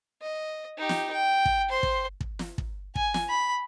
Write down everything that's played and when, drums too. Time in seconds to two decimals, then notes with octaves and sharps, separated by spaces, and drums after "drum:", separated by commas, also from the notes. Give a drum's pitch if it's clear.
0.22 D#5
0.78 D#4 G4
0.89 drum: snare
1.12 G5
1.45 drum: kick
1.69 C5 C6
1.83 drum: kick
2.20 drum: kick
2.39 drum: snare
2.58 drum: kick
2.95 G#5, drum: kick
3.14 drum: snare
3.29 B5